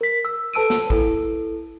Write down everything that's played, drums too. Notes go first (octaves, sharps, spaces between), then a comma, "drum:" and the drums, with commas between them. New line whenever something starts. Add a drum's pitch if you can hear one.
A#4 B6
E6
A4 B4 A5 E6 D7 D#7
drum: snare
E4 A4, drum: kick